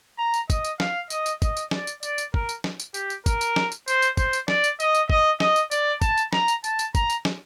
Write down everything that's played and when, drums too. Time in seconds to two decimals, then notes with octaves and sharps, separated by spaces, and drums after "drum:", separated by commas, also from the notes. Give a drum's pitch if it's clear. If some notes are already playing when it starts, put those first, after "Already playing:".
0.18 A#5
0.34 drum: tambourine
0.50 D#5, drum: kick, tambourine
0.64 drum: tambourine
0.80 F5, drum: snare
1.10 D#5, drum: tambourine
1.26 drum: tambourine
1.42 D#5, drum: kick, tambourine
1.57 drum: tambourine
1.71 D5, drum: snare
1.87 drum: tambourine
2.03 D5, drum: tambourine
2.18 drum: tambourine
2.34 A#4, drum: kick
2.49 drum: tambourine
2.64 drum: snare
2.80 drum: tambourine
2.94 G4, drum: tambourine
3.10 drum: tambourine
3.26 A#4, drum: kick, tambourine
3.41 drum: tambourine
3.56 drum: snare
3.72 drum: tambourine
3.88 C5, drum: tambourine
4.02 drum: tambourine
4.17 C5, drum: kick, tambourine
4.33 drum: tambourine
4.48 D5, drum: snare
4.64 drum: tambourine
4.80 D#5, drum: tambourine
4.95 drum: tambourine
5.10 D#5, drum: kick
5.40 D#5, drum: snare
5.56 drum: tambourine
5.71 D5, drum: tambourine
6.02 A5, drum: kick, tambourine
6.17 drum: tambourine
6.33 A#5, drum: snare
6.48 drum: tambourine
6.64 A5, drum: tambourine
6.79 drum: tambourine
6.95 A#5, drum: kick, tambourine
7.10 drum: tambourine
7.25 drum: snare